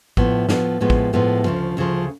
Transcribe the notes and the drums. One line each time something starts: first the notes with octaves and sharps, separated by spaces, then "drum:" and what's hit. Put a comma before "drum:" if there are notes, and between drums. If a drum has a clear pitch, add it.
A2 F3 B3, drum: kick
A2 F3 B3, drum: snare
A2 F3 G#3 B3
drum: kick
A2 F3 G#3 B3
D2 C#3 F3
D2 C#3 F3